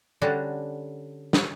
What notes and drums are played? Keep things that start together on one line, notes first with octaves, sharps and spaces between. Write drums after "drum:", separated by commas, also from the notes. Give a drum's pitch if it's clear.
D3 G3 C#4 D4 F#4
drum: snare